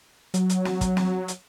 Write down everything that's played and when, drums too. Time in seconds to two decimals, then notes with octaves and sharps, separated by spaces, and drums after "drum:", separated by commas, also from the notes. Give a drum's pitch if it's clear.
0.34 F#3, drum: hi-hat
0.50 drum: hi-hat
0.65 drum: snare
0.81 drum: kick, hi-hat
0.97 drum: snare
1.28 drum: hi-hat